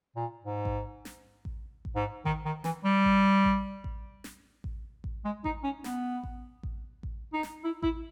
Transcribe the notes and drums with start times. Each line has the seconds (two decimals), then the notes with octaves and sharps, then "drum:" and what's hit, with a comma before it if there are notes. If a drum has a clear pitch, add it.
0.16 A#2
0.45 G#2
0.65 drum: kick A1
1.05 drum: snare
1.45 drum: kick A1
1.85 drum: kick A1
1.95 G#2
2.25 D#3, drum: kick A1
2.45 D#3
2.64 E3, drum: snare
2.85 G3
3.05 drum: kick A1
3.44 drum: kick A1
3.84 drum: kick A1
4.24 drum: snare
4.64 drum: kick A1
5.04 drum: kick A1
5.24 G#3
5.44 D#4, drum: kick A1
5.63 C#4
5.84 B3, drum: snare
6.24 drum: kick A1
6.63 drum: kick A1
7.03 drum: kick A1
7.33 D#4
7.43 drum: snare
7.64 E4
7.82 E4, drum: kick A1